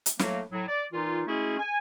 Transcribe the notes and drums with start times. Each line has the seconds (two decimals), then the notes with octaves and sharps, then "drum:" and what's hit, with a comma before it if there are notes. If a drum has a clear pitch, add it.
0.06 drum: hi-hat
0.19 A2 F#3 A3 A#3, drum: snare
0.52 A2 F#3
0.68 D5
0.93 A#2 E3 D#4 F4
1.27 G#3 A3 C#4 E4 F#4 G#4
1.59 G#5